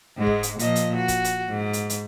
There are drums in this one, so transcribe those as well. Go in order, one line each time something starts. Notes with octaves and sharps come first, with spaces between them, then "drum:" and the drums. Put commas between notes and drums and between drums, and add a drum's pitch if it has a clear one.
G#2 G#3
drum: kick
drum: hi-hat
A#2 F3 D#5, drum: hi-hat
drum: hi-hat
F#4
drum: kick, hi-hat
drum: hi-hat
G#2
drum: hi-hat
drum: hi-hat